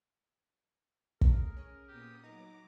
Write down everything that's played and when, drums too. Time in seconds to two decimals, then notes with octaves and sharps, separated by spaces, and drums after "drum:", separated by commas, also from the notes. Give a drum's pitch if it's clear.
1.21 A3 G#4 A#4, drum: kick
1.57 C#4
1.88 A#2 B3 G4 D#6
2.24 F#3 D#4 A#5 D6